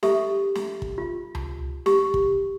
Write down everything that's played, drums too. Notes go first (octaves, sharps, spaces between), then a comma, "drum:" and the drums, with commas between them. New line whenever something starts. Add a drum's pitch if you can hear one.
G4 A4 E5, drum: snare
drum: snare
drum: kick
F4
drum: tom C#2
G4, drum: snare
drum: kick